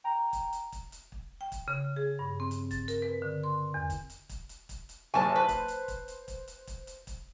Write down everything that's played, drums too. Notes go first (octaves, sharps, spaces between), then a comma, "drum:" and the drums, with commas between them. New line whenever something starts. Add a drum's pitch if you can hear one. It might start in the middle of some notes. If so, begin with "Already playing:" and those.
G5 A#5
drum: kick, hi-hat
drum: hi-hat
drum: kick, hi-hat
drum: hi-hat
drum: kick
G5
drum: kick, hi-hat
C#3
G#4
G2
C4
drum: hi-hat
A6, drum: kick, hi-hat
A#4, drum: hi-hat
B4
D3
C6
E2
drum: kick, hi-hat
drum: hi-hat
drum: kick, hi-hat
drum: hi-hat
drum: kick, hi-hat
drum: hi-hat
F#1 C3 G#5 A5 C#6
B4 C5
drum: kick, hi-hat
drum: hi-hat
drum: kick, hi-hat
drum: hi-hat
drum: kick, hi-hat
drum: hi-hat
drum: kick, hi-hat
drum: hi-hat
drum: kick, hi-hat